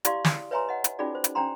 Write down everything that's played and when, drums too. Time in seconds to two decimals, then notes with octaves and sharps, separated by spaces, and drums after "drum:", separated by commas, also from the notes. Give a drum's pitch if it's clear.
0.05 E4 G4 D5 F5 C6, drum: hi-hat
0.25 drum: snare
0.51 B4 C#5 E5 G#5 A#5 C6
0.69 D#5 F#5
0.84 drum: hi-hat
0.99 C#4 D#4 F4 F#4 G#4 D5
1.15 C5
1.24 drum: hi-hat
1.35 C#4 D4 C5 G5 A#5 C6